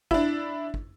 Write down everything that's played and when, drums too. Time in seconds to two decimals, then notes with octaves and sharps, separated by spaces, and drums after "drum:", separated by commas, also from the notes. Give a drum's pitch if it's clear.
0.11 D4 E4, drum: kick
0.74 drum: kick